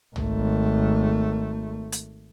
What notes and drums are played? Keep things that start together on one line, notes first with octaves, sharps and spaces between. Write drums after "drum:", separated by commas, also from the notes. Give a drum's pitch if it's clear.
G#1 A3, drum: tom
drum: hi-hat